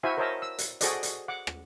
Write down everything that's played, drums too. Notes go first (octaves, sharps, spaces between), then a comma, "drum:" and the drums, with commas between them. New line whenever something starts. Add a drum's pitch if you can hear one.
E4 F#4 C5 E5 F5 G#5
A#4 C5 C#5 D#5 E5 A5
E6
drum: hi-hat
F#4 G#4 A4 C5 D5 D#5, drum: hi-hat
drum: hi-hat
F#5 D6
drum: rim click